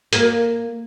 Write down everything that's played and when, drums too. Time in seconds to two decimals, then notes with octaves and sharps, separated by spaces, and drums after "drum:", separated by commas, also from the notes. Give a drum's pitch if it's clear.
0.13 A#3, drum: hi-hat